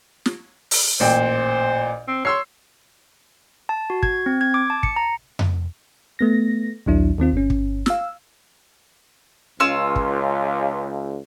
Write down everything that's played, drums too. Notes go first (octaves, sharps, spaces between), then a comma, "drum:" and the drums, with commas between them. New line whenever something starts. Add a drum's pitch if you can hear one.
drum: snare
drum: open hi-hat
A1 A#2 C5 G5
C4
C#5 C6 E6 C7
A5
F#4
G#6, drum: kick
C4
G#6
D6
A5
C#7, drum: kick
A#5
drum: tom F2
A3 B3 A#6
A#1 D#2 F#3 D4 E4
D#2 D#3 C4 F4
G1 C#4
drum: kick
F5 E6, drum: snare
C#2 C#4 F4 E6
drum: kick